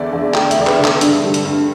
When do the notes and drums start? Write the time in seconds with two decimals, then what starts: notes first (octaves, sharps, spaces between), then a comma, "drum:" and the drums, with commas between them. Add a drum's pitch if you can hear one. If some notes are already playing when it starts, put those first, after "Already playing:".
Already playing: E2 D3 D5 E5
0.13 E2 E5
0.34 A3 G5, drum: clap
0.51 E5, drum: hi-hat
0.57 E2 D5
0.67 B4, drum: clap
0.79 D3
0.84 A4, drum: clap
1.01 G2, drum: hi-hat
1.23 G3
1.34 drum: hi-hat
1.45 G2